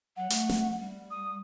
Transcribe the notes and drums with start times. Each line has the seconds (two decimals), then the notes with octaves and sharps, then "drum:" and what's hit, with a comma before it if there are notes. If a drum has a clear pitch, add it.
0.17 F#3 F#5
0.30 A3, drum: hi-hat
0.49 drum: snare
0.79 G3
1.11 D#6